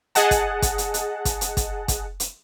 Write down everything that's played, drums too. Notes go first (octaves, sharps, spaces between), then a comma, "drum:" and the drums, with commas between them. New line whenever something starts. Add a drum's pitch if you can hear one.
G#4 D#5 F#5 A5, drum: hi-hat
drum: kick, hi-hat
drum: kick, hi-hat
drum: hi-hat
drum: hi-hat
drum: kick, hi-hat
drum: hi-hat
drum: kick, hi-hat
drum: kick, hi-hat
drum: hi-hat